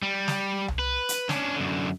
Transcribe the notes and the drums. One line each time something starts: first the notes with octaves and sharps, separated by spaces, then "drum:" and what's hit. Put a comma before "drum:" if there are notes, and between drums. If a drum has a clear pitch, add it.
G3
drum: snare
drum: tom C2
B4
drum: hi-hat
C#4 D4, drum: snare
F#2 D3